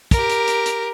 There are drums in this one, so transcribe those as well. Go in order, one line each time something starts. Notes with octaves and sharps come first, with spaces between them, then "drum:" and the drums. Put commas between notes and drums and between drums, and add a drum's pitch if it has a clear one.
G4 A#4, drum: kick, hi-hat
drum: hi-hat
drum: hi-hat
drum: hi-hat